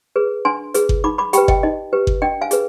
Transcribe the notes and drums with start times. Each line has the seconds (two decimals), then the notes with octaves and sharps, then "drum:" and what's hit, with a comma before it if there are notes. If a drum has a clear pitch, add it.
0.16 G#4 B4
0.45 D4 G#5 C6
0.74 G#4 B4, drum: hi-hat
0.89 drum: kick G1
1.04 D#4 B5 D6
1.18 B5 D6
1.33 G4 B4 G5 B5, drum: hi-hat
1.48 D#5 G5, drum: kick G1
1.63 D#4 D#5
1.93 G4 B4
2.07 drum: kick G1
2.22 D4 D#5 G5
2.41 F5 G#5
2.51 G#4 B4, drum: hi-hat